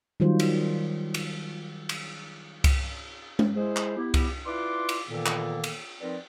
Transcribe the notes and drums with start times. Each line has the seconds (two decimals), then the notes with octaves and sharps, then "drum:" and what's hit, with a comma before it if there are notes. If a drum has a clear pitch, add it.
0.20 D#3 F#3 G3 F4 C5
0.40 drum: cymbal
1.14 drum: cymbal
1.89 drum: cymbal
2.64 drum: kick C2, cymbal
3.39 drum: tom G#3
3.56 G#3 E4 G#4 C5
3.76 drum: clap
3.97 B3 E4 G4
4.14 drum: kick C2, cymbal
4.46 E4 F4 B4 D5 C6 D6
4.89 drum: cymbal
5.07 A#2 D#3 E3 A#3 B3 A4
5.26 drum: clap
5.64 drum: cymbal
6.01 F3 C4 D#4 A#4 B4 D5